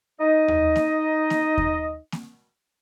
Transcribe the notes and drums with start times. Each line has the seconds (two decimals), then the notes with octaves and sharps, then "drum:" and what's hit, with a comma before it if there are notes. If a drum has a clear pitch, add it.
0.21 D#4 D#5
0.48 drum: tom D#2
0.76 drum: snare A#3
1.30 drum: snare A#3
1.58 drum: kick D#2
2.12 drum: snare A#3